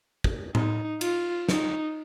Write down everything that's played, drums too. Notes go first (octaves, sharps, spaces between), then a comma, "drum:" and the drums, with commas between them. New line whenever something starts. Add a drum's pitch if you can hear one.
drum: kick
D#4, drum: tom A2
F4, drum: cymbal
D#4, drum: snare